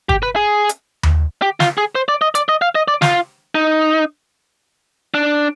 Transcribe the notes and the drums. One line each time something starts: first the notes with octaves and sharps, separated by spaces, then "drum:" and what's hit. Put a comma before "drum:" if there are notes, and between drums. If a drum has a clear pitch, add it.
G4, drum: kick
B4
G#4
drum: hi-hat
drum: tom D#2
G4
F4, drum: snare
G#4
C5
D5
D#5
D5, drum: hi-hat
D#5
F5
D#5
D5
F4, drum: snare
D#4
D4